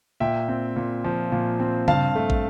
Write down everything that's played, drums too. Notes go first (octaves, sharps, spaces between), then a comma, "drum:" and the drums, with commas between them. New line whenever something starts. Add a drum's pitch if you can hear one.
A#2 E5 G5
C4
A#2
F3
A#2
C4
G2 F5 A5, drum: tom C#3
A3
drum: kick